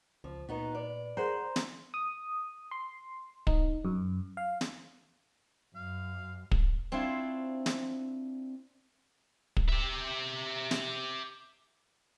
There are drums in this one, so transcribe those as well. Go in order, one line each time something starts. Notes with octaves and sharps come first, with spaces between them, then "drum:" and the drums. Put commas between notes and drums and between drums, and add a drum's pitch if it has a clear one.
C#2 F3
A#2 B3 D#4 F#4
B4 D5
G#4 A#4 C5 F#5 A#5
drum: snare
D#6
C6
D#4, drum: kick
F#2
F5
drum: snare
F#2 F5
drum: kick
C4 D4 E4 F4 C5 C#5
drum: snare
drum: kick
G4 E5
drum: snare